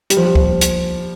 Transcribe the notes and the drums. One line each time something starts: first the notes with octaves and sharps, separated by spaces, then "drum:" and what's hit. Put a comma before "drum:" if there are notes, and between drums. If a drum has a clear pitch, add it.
G3, drum: hi-hat
F3
G3
drum: kick C#2
drum: hi-hat